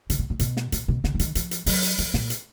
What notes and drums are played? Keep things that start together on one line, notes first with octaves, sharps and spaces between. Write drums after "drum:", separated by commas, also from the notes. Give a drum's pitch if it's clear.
D3, drum: hi-hat
B2
A#2
B2, drum: hi-hat
drum: snare
A#2, drum: hi-hat
B2
D3, drum: snare
D3
D#3, drum: hi-hat
F3, drum: hi-hat
drum: hi-hat
F#3, drum: open hi-hat
drum: hi-hat
F3, drum: hi-hat
A#2, drum: snare
drum: hi-hat